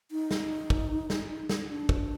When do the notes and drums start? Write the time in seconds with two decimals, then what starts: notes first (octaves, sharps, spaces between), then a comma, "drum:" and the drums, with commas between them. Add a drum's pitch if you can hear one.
0.11 D#4
0.31 drum: snare
0.70 drum: kick
1.10 drum: snare
1.49 drum: snare
1.69 D4
1.89 drum: kick